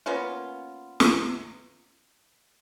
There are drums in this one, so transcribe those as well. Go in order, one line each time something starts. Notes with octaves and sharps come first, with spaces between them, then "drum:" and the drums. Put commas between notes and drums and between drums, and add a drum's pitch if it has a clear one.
A#3 B3 C#4 F4
drum: snare